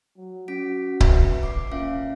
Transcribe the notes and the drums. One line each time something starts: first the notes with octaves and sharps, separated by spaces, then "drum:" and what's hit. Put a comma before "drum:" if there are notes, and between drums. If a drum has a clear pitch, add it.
F#3
C#4 F#4 B6 D7
B4 E5, drum: kick C#1
D6 C7
A#2 C#4 E5 F5